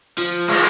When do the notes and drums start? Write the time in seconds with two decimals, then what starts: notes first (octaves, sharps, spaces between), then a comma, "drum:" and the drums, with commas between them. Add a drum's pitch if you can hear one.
0.18 F3
0.48 G#3, drum: cymbal